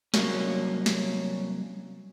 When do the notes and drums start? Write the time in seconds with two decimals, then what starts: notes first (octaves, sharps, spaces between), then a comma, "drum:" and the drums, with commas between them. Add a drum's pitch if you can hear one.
0.14 C2 F#3 A#3 C#4, drum: snare
0.86 drum: snare